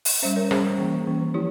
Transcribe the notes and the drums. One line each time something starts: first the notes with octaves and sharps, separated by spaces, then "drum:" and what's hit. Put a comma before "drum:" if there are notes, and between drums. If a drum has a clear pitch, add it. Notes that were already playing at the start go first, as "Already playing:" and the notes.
drum: open hi-hat
G3 C#4 C5 E5
A#4 C#5
G3 C#4 G#4 C5, drum: rim click
E3 A#3 C#4
E3 A#3 C#4
F3 E4 G4